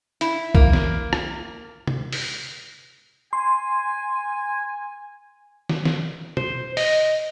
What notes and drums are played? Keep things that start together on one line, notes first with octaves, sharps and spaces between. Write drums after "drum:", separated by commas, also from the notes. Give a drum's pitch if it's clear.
E4, drum: hi-hat
A#3, drum: kick
drum: snare
drum: rim click
drum: tom
drum: open hi-hat
G#5 C6
drum: snare
drum: snare
C5, drum: tom
D#5, drum: open hi-hat